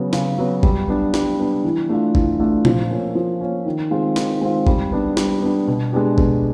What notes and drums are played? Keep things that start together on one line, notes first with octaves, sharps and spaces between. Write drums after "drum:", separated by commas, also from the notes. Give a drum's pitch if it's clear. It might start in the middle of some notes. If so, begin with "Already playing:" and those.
Already playing: C#3 F#3 B3
C#3, drum: snare
F#3 B3
G3, drum: kick G#1
B3 D4
G3, drum: snare
B3 D4
E3
A3 D4 F4
E3, drum: kick G#1
A3 D4 F4
F3, drum: tom A#2
A#3 C#4
F3
A#3 C#4
D#3
G#3 C4 F4
D#3, drum: snare
G#3 C4 F4
G3, drum: kick G#1
B3 D4
G3, drum: snare
B3 D4
B2
G#3 B3 D4 G4
B2, drum: kick G#1